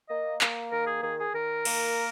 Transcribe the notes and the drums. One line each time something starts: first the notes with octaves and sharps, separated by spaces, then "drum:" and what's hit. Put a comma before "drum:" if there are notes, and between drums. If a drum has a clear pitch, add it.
A#3 D#5
A#3, drum: clap
D#3 A#4
G#4
D#3 G#4
G#4
D#3 A#4
A#3, drum: cymbal